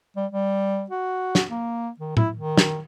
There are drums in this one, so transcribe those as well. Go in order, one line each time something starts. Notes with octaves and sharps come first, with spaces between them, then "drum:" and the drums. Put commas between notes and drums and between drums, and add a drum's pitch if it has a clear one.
G3
G3
F#4
drum: snare
A#3
D#3
E4, drum: tom A2
D#3
drum: snare